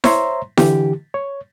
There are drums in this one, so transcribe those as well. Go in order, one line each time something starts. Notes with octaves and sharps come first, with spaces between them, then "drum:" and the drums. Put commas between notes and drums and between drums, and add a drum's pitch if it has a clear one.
C5 C#5 E5 A#5 C6, drum: snare E4
D3 E3 G4, drum: snare E4
C#5